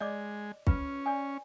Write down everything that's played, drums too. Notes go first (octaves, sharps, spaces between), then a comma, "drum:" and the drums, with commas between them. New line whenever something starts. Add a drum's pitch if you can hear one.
G#3 D5 D#5 D6
C#4 F4 B4, drum: kick
D5 G#5